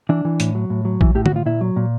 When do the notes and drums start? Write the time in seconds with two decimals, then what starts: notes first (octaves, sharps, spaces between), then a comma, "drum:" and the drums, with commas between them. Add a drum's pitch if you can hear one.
0.09 E3 D4
0.25 E3
0.40 A2, drum: hi-hat
0.55 F#3
0.70 A2
0.85 F#3
1.01 E3, drum: kick A#1
1.15 A2 G4
1.26 F#4, drum: tom D3
1.31 A2
1.36 F4
1.46 A#2 E4
1.61 F#3
1.76 A#2